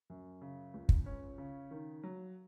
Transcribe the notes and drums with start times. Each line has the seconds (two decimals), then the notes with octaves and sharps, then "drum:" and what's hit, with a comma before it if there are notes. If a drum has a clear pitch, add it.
0.10 F#2
0.41 C#3
0.74 C#2
0.89 drum: kick
1.06 C#4
1.38 C#3
1.71 D#3
2.03 F#3